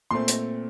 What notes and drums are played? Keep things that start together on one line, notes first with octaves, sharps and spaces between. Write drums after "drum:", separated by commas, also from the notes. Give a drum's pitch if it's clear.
A#2 A3 C4 C6
drum: hi-hat